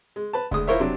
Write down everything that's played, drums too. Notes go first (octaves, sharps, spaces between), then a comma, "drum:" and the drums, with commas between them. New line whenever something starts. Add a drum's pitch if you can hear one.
G#3
B4 A5
D2 G#3 D#6, drum: kick E1, hi-hat
E4 F4 A#4 C5 C#5 E5, drum: hi-hat
C3 F#3 D4, drum: hi-hat